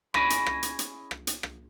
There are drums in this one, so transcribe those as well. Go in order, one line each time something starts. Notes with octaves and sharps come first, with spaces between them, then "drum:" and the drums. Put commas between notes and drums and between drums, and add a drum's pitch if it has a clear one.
C#4 E4 G#4 D#5 G#5 B5, drum: rim click
drum: hi-hat
drum: rim click
drum: hi-hat
drum: hi-hat
drum: rim click
drum: hi-hat
drum: rim click